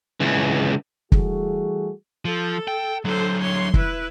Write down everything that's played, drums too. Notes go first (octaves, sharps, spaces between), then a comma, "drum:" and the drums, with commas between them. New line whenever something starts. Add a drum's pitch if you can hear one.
C#2 E3
E3 G3 A3 F#4 G#4, drum: kick
F3 A4
G5
D3 F#3 A4 C5
C#5 C6
E4 B4, drum: kick